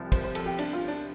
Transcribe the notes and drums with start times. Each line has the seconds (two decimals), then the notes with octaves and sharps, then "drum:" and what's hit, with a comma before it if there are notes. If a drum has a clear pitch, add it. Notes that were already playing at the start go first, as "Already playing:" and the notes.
Already playing: C2 C3 F3
0.12 C5, drum: kick, cymbal
0.24 C5
0.35 A4, drum: cymbal
0.46 G4
0.59 D4, drum: cymbal
0.73 F4
0.88 D4